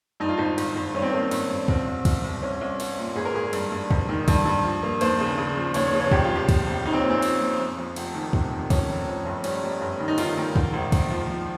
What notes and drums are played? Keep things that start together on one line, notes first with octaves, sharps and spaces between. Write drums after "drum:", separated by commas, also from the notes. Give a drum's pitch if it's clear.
G2 D#4
F4
G#1 D#4
G#1, drum: cymbal
G#1
G2 C#4
C4
A#3 C#4
G#1, drum: cymbal
G2
C2 C4, drum: kick
C2
C2, drum: kick, cymbal
C2
C2 C#4
C2
C2, drum: cymbal
A#2
G#1 G#4
A#4
G#1 G#4
G2, drum: cymbal
G2
G#1, drum: kick
D#3
G2, drum: kick, cymbal
G2
F3
A#3
D#2 C5, drum: cymbal
C#3
C#3
F3
D#2 C#5, drum: cymbal
C#5
C#3
C#5
A#1 G4, drum: kick
F4
F3 G4
F3, drum: kick, cymbal
A#1
A#1 D#4
C4
C#4
A#2
C4
A#2, drum: cymbal
F3
F2
F2
F1, drum: cymbal
D#3
C3, drum: kick
D#3
F2 C#4, drum: kick, cymbal
F1
F2
G1
G3 C#4, drum: cymbal
G3
G1
D#3
D#4
D#3 F4, drum: cymbal
D#3
G#2, drum: kick
A#1
A#1, drum: kick, cymbal
F3
F3